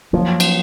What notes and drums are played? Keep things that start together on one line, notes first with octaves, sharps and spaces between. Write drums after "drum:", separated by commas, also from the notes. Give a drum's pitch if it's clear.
F3 F#3 A#3
drum: cymbal